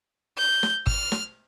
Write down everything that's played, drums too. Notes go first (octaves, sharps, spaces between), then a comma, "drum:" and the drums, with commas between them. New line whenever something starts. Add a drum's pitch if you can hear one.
G6
drum: snare
F6, drum: kick
drum: snare